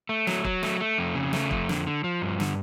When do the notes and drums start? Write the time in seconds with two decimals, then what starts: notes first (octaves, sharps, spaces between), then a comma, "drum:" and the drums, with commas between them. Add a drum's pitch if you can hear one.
0.09 A3
0.27 F#3, drum: snare
0.45 F#3, drum: kick
0.63 A3, drum: snare
0.80 A3
0.98 F2
1.15 C#3
1.33 A3, drum: snare
1.51 F2, drum: kick
1.69 D3, drum: snare
1.87 D3
2.04 F3
2.22 G2
2.40 D3, drum: snare